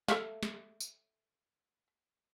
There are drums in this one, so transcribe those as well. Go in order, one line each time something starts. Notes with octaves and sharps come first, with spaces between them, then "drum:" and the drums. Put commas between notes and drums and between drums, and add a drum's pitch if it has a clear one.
A4 E5 F5, drum: snare
drum: snare
drum: tambourine